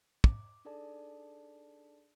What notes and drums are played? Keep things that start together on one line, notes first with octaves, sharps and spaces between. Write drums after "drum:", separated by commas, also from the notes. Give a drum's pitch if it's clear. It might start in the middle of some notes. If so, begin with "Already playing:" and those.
D6, drum: kick
D4 D#4 G#4 A4 D5 A5